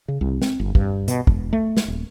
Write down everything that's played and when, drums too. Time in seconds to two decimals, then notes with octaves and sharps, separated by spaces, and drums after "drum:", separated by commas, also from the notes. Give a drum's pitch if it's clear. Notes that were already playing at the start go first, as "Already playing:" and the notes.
0.08 C#3
0.21 C2
0.42 C4, drum: snare
0.60 G1
0.75 G2, drum: kick
1.08 B2, drum: hi-hat
1.27 E1, drum: kick
1.53 A3
1.77 drum: snare
1.88 D#1